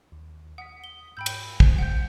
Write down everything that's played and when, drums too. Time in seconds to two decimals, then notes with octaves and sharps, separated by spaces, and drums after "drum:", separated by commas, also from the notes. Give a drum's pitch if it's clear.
0.12 D#2
0.58 F#5 D#6 B6
0.84 G7
1.17 G#2 G5 B5 E6 G6
1.26 drum: cymbal
1.60 A1 C5, drum: kick
1.78 F#5 G5 G6